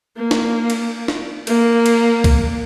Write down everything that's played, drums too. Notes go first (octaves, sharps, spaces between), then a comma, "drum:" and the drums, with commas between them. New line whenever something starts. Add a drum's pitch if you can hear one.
A#3
drum: snare
drum: cymbal
drum: snare
A#3, drum: cymbal
drum: cymbal
drum: kick C2, cymbal